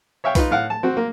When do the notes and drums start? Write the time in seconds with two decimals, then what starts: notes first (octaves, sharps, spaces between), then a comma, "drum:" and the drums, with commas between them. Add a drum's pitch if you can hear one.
0.24 C#5 E5 F5 G5
0.35 D#4 F4 B4, drum: kick B1, open hi-hat
0.51 A2 F5 F#5
0.70 A5
0.83 C4 F#4
0.97 A#3